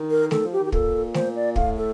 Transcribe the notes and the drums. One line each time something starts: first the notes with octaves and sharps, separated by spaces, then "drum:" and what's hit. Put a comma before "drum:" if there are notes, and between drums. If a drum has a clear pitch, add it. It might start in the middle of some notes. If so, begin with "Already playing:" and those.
Already playing: D#3
A#4
D#3 A4, drum: snare A3
F3
G4
D#3
G4
A#2 A4, drum: kick
C5, drum: snare A3
D5
A2 F5, drum: kick
A4